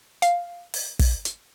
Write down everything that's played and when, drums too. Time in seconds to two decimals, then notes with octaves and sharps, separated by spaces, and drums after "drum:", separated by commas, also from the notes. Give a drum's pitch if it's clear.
0.22 F5, drum: hi-hat
0.74 drum: open hi-hat
0.99 drum: kick, open hi-hat
1.25 drum: hi-hat